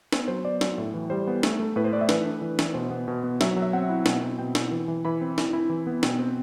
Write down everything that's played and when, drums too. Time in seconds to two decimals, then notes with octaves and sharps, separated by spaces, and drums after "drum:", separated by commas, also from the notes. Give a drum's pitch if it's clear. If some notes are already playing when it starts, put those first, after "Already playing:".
0.13 B3 C5, drum: snare
0.28 F#3 C5
0.44 B3 D5
0.61 F#3, drum: snare
0.78 A2
0.94 E3
1.10 G3 C5
1.27 B3
1.43 A3, drum: snare
1.60 A3
1.76 A2 B4
1.85 C5
1.93 A3 D5
2.01 E5
2.09 E3 B4, drum: snare
2.25 D4
2.42 E3
2.59 E3, drum: snare
2.74 B2 C5
2.91 B3
3.08 B2
3.24 B3
3.41 F#3 E5, drum: snare
3.56 F#3
3.62 E5
3.73 C4 F#5
3.89 E4
4.06 B2, drum: snare
4.22 C4
4.39 B2 G5
4.55 E4, drum: snare
4.72 E3
4.88 E3
5.05 E3 B5
5.21 C4
5.38 E4, drum: snare
5.53 E4
5.70 E3
5.87 B3
6.03 B2 G5, drum: snare
6.19 C4